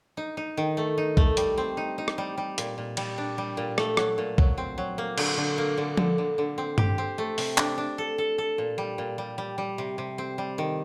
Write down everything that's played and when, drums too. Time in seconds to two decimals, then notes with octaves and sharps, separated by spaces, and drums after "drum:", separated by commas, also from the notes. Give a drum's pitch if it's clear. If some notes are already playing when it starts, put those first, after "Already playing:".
0.17 D#4
0.37 D#4
0.57 D#3
0.77 A3
0.98 D#4
1.17 A3, drum: kick B1
1.37 G3, drum: hi-hat
1.58 C4
1.77 D#4
1.98 D#4
2.08 drum: rim click
2.18 G3
2.38 G3
2.58 A#2, drum: hi-hat
2.78 A#2
2.97 G3, drum: cymbal
3.18 D4
3.38 G3
3.57 A#2
3.78 A3, drum: rim click
3.97 F#3, drum: rim click
4.18 A#2
4.38 F#3, drum: kick B1
4.58 C4
4.78 F#3
4.98 A#3
5.18 D3, drum: cymbal
5.37 D3
5.58 A#3
5.77 D3
5.97 D3, drum: tom F3
6.18 D3
6.38 D3
6.58 C4
6.78 G4, drum: tom G2
6.98 C4
7.18 A3
7.38 C3, drum: open hi-hat
7.58 D4, drum: clap
7.78 D4
7.98 A4
8.18 A4
8.38 A4
8.58 A#2
8.78 G3
8.98 A#2
9.18 G3
9.38 G3
9.58 G3
9.78 C3
9.98 C3
10.18 C4
10.38 G3
10.58 D#3